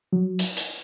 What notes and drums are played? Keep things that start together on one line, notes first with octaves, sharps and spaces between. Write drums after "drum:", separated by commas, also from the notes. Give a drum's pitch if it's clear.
F#3
drum: hi-hat
drum: hi-hat